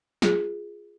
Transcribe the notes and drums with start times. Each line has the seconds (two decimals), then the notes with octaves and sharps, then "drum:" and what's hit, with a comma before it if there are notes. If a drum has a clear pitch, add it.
0.22 F4 G#4, drum: snare